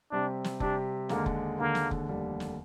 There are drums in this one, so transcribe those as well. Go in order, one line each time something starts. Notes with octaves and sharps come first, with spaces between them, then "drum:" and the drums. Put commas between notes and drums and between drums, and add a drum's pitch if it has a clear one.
C3 G3 C4 D4 G4
drum: snare
C3 G3 C4 D4 G4, drum: kick F1
D#2 D3 G#3 A#3, drum: snare
drum: kick F1
D#2 D3 G#3 A#3
drum: snare
drum: kick F1
F1 D#2 D3 G3
drum: snare